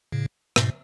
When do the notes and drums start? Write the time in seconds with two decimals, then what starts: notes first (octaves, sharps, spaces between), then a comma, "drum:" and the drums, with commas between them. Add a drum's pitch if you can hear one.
0.12 A2 C#3
0.56 G#2 B2, drum: rim click